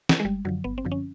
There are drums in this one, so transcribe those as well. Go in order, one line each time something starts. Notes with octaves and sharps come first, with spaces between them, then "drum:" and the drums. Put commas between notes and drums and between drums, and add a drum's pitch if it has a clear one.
drum: snare
G#3
G1 G3
F#2 D3 F3 F#3
G1 B3
C4
F#2 D3 F3
C#4